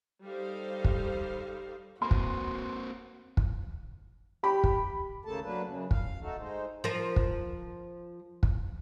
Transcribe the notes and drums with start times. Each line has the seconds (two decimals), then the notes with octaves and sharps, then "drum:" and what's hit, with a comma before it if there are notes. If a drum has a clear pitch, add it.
0.24 G3 D#4 A4 C5 F5
0.84 drum: kick
2.02 A#3 C4 F#4 C6
2.11 drum: kick
3.37 drum: kick
4.44 G4 B5
4.64 drum: kick
5.25 D#2 C#3 A3 A#3 A4 A5
5.44 F#3 A#3 D4 B4
5.64 F#2 C#3
5.91 F5, drum: kick
6.22 A3 D#4 F#4 A4
6.39 G#3 D#4 C5
6.84 F3 A#4
7.16 drum: kick
8.43 drum: kick